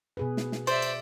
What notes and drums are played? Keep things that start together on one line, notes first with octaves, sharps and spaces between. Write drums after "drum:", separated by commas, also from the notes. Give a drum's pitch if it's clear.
B2 G#4 B4
drum: snare
drum: snare
C5 D5 E5, drum: cymbal
drum: cymbal